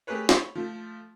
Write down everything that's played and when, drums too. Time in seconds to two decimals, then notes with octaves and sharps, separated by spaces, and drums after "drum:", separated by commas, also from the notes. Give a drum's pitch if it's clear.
0.07 A3 G4 G#4 A#4 B4 C#5
0.29 C#5 B5, drum: snare
0.55 F3 A3